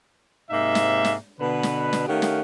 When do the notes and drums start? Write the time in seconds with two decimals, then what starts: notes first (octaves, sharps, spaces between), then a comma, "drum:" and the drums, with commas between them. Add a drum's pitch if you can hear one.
0.51 G#2 C3 A#3 D#4 E5
0.75 drum: snare
1.05 drum: snare
1.40 B2 D3 B4
1.63 drum: snare
1.93 drum: snare
2.07 D#3 A3 C#4 G4 F5 F#5
2.22 drum: snare